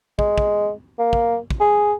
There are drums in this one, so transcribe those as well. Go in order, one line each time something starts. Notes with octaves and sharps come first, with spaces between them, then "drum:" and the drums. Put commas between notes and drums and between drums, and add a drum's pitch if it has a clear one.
G#3, drum: kick
drum: kick
A#3
drum: kick
drum: kick
G#4